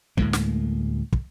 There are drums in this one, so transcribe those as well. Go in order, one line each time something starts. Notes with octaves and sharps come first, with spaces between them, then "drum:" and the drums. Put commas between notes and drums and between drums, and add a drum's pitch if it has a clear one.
D2 A2 G#3 A#3, drum: kick
drum: snare
drum: kick